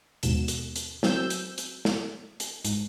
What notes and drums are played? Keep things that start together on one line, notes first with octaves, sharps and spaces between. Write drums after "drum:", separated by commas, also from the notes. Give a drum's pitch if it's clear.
D#2 G#2 B2 E7, drum: hi-hat
drum: hi-hat
drum: hi-hat
F#3 C4 E6 G6, drum: snare
drum: hi-hat
drum: hi-hat
drum: snare
drum: hi-hat
G#2, drum: hi-hat